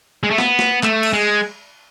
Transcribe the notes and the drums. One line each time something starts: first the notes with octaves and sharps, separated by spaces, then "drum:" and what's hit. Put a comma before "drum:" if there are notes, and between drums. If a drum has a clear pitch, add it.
G#3
A3
B3, drum: snare
drum: snare
A3, drum: clap
drum: cymbal
G#3